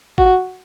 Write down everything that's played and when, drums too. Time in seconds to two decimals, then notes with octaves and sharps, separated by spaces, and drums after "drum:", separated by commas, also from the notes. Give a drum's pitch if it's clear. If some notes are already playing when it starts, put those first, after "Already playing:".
0.18 F#4, drum: kick